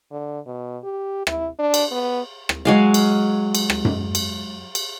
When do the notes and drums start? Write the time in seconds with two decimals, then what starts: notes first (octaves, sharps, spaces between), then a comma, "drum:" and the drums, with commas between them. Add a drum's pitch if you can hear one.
0.11 D3
0.46 B2
0.83 G4
1.27 E4, drum: rim click
1.59 D4
1.74 drum: cymbal
1.91 B3
2.49 drum: rim click
2.65 F#3 G#3 F5
2.94 drum: cymbal
3.55 drum: cymbal
3.70 drum: rim click
3.85 drum: tom F#2
4.15 drum: cymbal
4.75 drum: cymbal